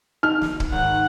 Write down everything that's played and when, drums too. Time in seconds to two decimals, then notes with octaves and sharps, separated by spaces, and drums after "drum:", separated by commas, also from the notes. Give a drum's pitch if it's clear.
0.23 D#4 F6
0.42 drum: snare
0.60 drum: kick
0.72 G#1 F#5